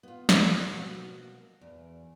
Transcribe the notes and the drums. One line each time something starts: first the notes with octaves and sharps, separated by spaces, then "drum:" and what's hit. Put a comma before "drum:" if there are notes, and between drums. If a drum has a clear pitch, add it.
B3 F4
D2 F4 D5 F5, drum: snare
B2 A#3 F#4
E2